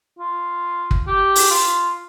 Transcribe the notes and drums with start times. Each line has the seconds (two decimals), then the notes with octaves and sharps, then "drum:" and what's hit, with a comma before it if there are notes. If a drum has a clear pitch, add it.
0.19 F4
0.91 drum: kick
1.07 G4
1.35 drum: open hi-hat
1.51 F4